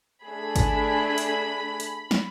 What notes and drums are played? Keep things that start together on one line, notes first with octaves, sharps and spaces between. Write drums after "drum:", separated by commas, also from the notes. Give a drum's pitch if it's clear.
A3 D4 G#4 B5
drum: kick, hi-hat
drum: hi-hat
drum: hi-hat
drum: snare